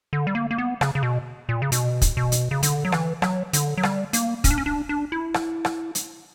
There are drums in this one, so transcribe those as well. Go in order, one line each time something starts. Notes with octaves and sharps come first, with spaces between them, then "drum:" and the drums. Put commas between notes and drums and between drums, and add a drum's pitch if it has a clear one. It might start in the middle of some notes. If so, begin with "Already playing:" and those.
D3
G3
A#3
A#3
B3
C#3, drum: rim click
C#3
B2
A#2
C#3
B2, drum: hi-hat
drum: kick, hi-hat
B2
drum: hi-hat
C#3
D3, drum: hi-hat
F#3
E3, drum: rim click
F#3, drum: rim click
D3, drum: hi-hat
F#3
G3, drum: rim click
A#3, drum: hi-hat
C#4, drum: kick, hi-hat
D4
C#4
D4
D4
E4
drum: rim click
drum: rim click
drum: hi-hat